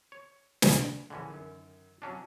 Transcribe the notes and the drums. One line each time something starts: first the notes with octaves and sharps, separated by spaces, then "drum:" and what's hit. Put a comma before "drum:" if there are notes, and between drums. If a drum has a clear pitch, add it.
C#5
drum: snare
A#1 D3 E3 C#4 G#4
F#2 D#3
C3 F#3 C#4 D4 A5 D6